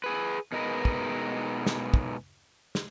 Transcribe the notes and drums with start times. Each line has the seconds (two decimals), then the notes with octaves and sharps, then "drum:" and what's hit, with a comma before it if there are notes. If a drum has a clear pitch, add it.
0.04 G#4 B4
0.52 B2 G#3 D#4 A#4 B4
0.85 drum: kick
1.66 drum: snare
1.94 drum: kick
2.75 drum: snare